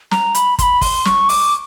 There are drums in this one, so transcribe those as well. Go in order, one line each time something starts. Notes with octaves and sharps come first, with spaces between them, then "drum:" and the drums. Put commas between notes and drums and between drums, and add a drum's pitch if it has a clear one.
A#5, drum: snare
B5, drum: hi-hat
C6, drum: kick, hi-hat
B5
C6, drum: kick, open hi-hat
C#6, drum: snare
D6, drum: open hi-hat